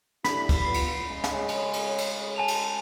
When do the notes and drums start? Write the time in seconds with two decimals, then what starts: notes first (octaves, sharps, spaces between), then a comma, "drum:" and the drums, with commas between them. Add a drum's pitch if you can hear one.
0.24 D3 E4 G4 B5, drum: snare
0.49 drum: kick, cymbal
0.65 B3 F4 C7
0.74 drum: cymbal
1.06 C#3 G#3
1.24 drum: snare
1.49 drum: cymbal
1.73 drum: cymbal
1.98 drum: cymbal
2.36 G#5 A5 F7
2.48 drum: cymbal